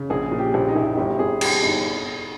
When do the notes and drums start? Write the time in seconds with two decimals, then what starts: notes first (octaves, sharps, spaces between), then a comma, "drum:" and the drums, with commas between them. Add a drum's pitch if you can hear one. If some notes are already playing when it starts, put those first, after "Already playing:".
Already playing: C#3
0.10 A#1 G#4
0.31 A#2
0.39 G4
0.54 A#1
0.68 D#4
0.76 A#1 E4
0.85 D#4
0.97 G1 G4
1.19 G1 G#4
1.41 G1 G4, drum: cymbal
1.63 G1 D#4